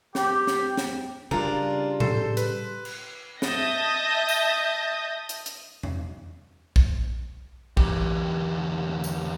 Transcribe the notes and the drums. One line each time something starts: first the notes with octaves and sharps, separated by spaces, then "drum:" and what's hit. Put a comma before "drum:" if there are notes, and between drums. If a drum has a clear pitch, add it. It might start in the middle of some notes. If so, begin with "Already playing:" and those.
G4, drum: snare
drum: snare
drum: snare
C#3 G3 D4 F4 A#4 D5
A4 C5, drum: tom A2
B4, drum: hi-hat
drum: cymbal
D#5 E5 A5 D#6 G6 A#6, drum: snare
drum: tambourine
drum: hi-hat
drum: hi-hat
drum: tom E2
drum: kick
E2 G4, drum: kick
drum: tambourine